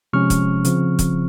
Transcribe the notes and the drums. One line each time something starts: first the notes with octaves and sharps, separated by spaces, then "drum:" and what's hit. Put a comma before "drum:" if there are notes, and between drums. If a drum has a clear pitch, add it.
C3 F3 G#3 C#4 C#6 F6
drum: kick, hi-hat
C#3 F3 C4, drum: hi-hat
drum: kick, hi-hat